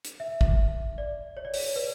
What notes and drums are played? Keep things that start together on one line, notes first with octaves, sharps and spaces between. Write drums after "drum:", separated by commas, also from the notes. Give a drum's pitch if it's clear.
drum: hi-hat
E5
drum: kick
D5
C#5
D5
C#5, drum: open hi-hat
B4